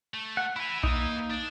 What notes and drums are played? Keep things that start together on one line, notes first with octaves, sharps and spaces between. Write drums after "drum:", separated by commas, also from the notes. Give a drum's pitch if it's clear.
A3
F#5
E4 B4 B5
A#3 D#4, drum: kick B1
D4